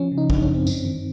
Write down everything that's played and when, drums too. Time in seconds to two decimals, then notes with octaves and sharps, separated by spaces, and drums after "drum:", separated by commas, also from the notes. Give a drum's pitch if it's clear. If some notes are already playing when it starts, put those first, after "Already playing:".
Already playing: F3 C#4
0.12 C#3
0.18 D#4
0.30 F#2 D4, drum: kick
0.42 C#4
0.48 F#2
0.54 C4
0.67 G2, drum: tambourine
0.85 D#3